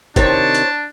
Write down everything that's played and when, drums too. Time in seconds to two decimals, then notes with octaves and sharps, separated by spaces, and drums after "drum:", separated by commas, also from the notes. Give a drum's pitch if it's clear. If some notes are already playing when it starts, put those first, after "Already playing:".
0.16 C3 D#3 D4 C5 C#5 A5, drum: kick, hi-hat
0.55 drum: hi-hat